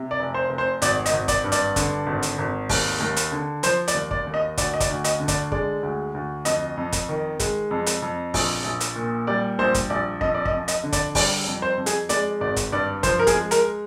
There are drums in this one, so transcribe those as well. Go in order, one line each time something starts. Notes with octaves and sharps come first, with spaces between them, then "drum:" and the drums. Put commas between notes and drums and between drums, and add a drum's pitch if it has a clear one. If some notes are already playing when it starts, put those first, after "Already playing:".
Already playing: C3
D5
F1
C5
F1
C5
G#1 D5, drum: hi-hat
D#5, drum: hi-hat
G#1
D5, drum: kick, hi-hat
G2
D5, drum: hi-hat
D3, drum: kick, hi-hat
G#1
drum: hi-hat
G#1
D#2, drum: kick, open hi-hat
D#2
drum: hi-hat
D3
F3 C5, drum: hi-hat
D5, drum: hi-hat
D#2
D5, drum: kick
D#2
D#5
D2 D5, drum: kick, hi-hat
D#5
D5, drum: kick, hi-hat
D2
D#5, drum: hi-hat
D3
D5, drum: kick, hi-hat
G#3 D5, drum: kick
D2
D2
F2 D#5, drum: hi-hat
F2
drum: kick, hi-hat
D#3
G#3, drum: kick, hi-hat
F2
drum: hi-hat
F2
A#1, drum: kick, open hi-hat
A#1
drum: hi-hat
A#2
G3 D5
A#1 C5
drum: kick, hi-hat
A#1 D5
F2 D#5, drum: kick
D5
D#5, drum: kick
F2
D#5, drum: hi-hat
D3
D5, drum: kick, hi-hat
G3 D5, drum: kick, open hi-hat
F2
C5
F2
G#4, drum: hi-hat
G#3 D5, drum: hi-hat
G#1 D5
drum: kick, hi-hat
G2 D5
F3 C5, drum: kick, hi-hat
A#4
G#4, drum: kick, hi-hat
G#3
A#4, drum: hi-hat